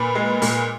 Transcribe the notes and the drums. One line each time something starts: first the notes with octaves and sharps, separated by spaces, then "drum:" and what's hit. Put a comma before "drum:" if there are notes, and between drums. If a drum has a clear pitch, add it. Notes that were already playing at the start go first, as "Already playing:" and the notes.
Already playing: A#2 B4
G#3
A#2, drum: open hi-hat